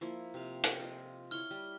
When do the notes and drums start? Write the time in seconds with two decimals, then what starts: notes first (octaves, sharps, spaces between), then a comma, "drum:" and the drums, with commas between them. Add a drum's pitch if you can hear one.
0.01 F3 A#3 E4
0.34 C3 F5
0.64 drum: hi-hat
0.79 F4 D#5
1.31 E4 C#5 F6 G7
1.51 G3